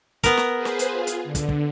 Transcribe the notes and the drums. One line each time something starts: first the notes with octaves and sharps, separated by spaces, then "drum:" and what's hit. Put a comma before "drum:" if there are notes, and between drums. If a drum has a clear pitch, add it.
B3 A#4, drum: kick, hi-hat
drum: snare
G#4 B4 C5
drum: snare
drum: hi-hat
F4 G#4
drum: hi-hat
D3
drum: kick, hi-hat
drum: kick